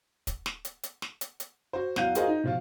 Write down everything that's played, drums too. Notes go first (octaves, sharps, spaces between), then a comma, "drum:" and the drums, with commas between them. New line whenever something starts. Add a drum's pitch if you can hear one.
drum: kick, hi-hat
drum: snare
drum: hi-hat
drum: hi-hat
drum: snare
drum: hi-hat
drum: hi-hat
F#4 C5
E2 F#3 F5 F#5 G6 D#7, drum: snare
F4 F#4 G#4 A#4 C5 D#5, drum: hi-hat
D#4
B2 F3 F4